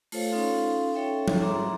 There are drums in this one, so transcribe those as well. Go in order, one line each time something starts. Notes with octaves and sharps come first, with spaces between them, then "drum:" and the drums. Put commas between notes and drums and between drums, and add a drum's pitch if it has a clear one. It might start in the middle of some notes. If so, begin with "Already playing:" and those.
A3 F4 A4 C5 C#5 F5, drum: open hi-hat
C#4 D#4 F4 A4 F5 C6
C#4 A4 C#5 E5 G5
drum: tom F#3
G#4 E5 A#5 C6 D6